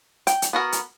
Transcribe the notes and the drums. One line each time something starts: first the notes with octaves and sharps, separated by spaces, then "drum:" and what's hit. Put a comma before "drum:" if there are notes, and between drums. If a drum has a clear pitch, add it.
G5, drum: hi-hat
drum: hi-hat
B3 F#4 A#4
drum: hi-hat